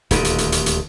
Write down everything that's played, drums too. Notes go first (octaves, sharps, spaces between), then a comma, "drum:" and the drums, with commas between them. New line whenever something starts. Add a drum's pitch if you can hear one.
D#1 D2 D3, drum: hi-hat
drum: hi-hat
drum: hi-hat
drum: hi-hat
drum: hi-hat